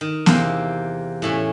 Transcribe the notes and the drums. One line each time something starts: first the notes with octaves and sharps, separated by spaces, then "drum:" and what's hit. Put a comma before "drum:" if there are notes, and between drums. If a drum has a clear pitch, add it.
D#3
E2 C3 A#3 C4, drum: snare B3
A2 E3 C#4